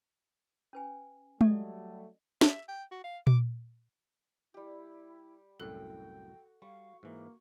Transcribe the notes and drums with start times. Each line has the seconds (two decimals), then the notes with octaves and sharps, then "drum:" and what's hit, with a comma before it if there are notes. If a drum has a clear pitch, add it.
0.73 C#4 B4 G#5
1.41 F#3 G3 A3 A4 D5 D#5, drum: tom G#3
2.41 E5, drum: snare
2.69 G5
2.92 F#4
3.04 F5
3.27 D6, drum: tom A#2
4.54 G3 E4 G4
5.60 C2 F#2 A2 F#4 A4 G5 F#6
6.62 G3 F5 C#6
7.03 G#2 E3 A#3